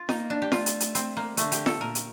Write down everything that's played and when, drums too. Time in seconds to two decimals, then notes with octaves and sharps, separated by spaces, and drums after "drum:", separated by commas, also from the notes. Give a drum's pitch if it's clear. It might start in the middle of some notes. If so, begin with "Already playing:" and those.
Already playing: F4
0.09 A#3 D#4, drum: snare
0.30 D4
0.42 G4
0.52 A3 F4, drum: snare
0.66 drum: hi-hat
0.80 drum: hi-hat
0.95 C4, drum: hi-hat
1.17 A#3
1.37 D3 A3, drum: hi-hat
1.52 G4, drum: hi-hat
1.66 A4, drum: snare
1.80 A#2 A#4
1.95 drum: hi-hat